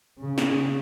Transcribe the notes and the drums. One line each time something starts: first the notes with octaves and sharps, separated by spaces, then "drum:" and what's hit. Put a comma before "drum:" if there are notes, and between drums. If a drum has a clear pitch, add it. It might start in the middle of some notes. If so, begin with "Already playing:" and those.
C#3
drum: snare